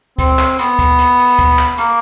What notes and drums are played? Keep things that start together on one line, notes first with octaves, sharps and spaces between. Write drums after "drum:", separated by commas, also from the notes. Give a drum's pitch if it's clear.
C4, drum: kick C#2, hi-hat
drum: clap
B3, drum: hi-hat
drum: kick C#2, hi-hat
drum: hi-hat
drum: open hi-hat
drum: kick C#2, hi-hat
drum: clap
A#3, drum: hi-hat